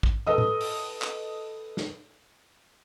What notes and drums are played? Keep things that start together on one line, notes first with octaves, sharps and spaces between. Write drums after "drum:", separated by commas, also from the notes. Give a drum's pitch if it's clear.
drum: kick
A4 B4 D#5 D#6
drum: tom A2
drum: open hi-hat
drum: clap
drum: snare